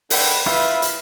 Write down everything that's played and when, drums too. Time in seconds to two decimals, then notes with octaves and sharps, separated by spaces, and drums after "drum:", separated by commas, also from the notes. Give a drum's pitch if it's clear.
0.10 G#2 D3 F#5 G5 B5, drum: open hi-hat
0.46 E4 F4 B4 E5, drum: rim click
0.82 drum: hi-hat